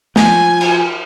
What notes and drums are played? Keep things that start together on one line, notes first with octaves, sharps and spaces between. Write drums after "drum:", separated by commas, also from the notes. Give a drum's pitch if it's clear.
F3 G#5, drum: snare
drum: cymbal